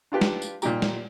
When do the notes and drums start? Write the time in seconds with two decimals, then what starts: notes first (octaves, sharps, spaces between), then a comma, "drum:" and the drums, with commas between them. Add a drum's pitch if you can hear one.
0.12 D4 F4 G4 B4
0.21 drum: snare
0.42 drum: tambourine
0.62 A#2 G3 D#4 G4 A#5, drum: tambourine
0.82 drum: snare